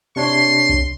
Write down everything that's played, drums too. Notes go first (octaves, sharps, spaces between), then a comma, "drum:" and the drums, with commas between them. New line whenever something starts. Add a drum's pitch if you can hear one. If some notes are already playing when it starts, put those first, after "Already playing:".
C3 D4 C#5 C6
drum: kick